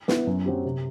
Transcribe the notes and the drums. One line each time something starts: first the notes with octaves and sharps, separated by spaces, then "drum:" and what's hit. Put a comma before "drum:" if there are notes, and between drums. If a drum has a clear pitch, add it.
B3 E4, drum: snare
F#2
F#3 C4 G4
C3